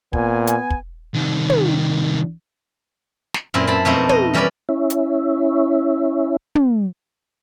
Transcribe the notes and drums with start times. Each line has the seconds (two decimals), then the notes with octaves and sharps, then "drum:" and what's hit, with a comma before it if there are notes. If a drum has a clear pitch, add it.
0.13 A#2 B3 G#5, drum: kick
0.47 drum: hi-hat
0.70 drum: kick
1.14 C2 D#3
1.50 drum: tom
3.34 drum: snare
3.54 F#2 A#2 C4 E4
3.67 C4 A5 B5
3.85 F2 B2 A3 C4 D#4 E4
4.09 D#5, drum: tom
4.34 E3 G3 C#4 A#4 D5 B5
4.69 C#4 E4
4.90 drum: hi-hat
6.55 drum: tom